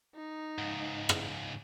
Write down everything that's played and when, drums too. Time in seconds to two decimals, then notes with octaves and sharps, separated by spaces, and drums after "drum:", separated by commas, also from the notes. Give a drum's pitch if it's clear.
0.16 D#4
0.58 C#2 G#2
1.09 drum: rim click